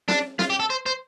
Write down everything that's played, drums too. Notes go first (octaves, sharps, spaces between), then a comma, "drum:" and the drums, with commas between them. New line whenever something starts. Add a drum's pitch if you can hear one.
D4, drum: snare
F4, drum: snare
G4
A4
C5
C5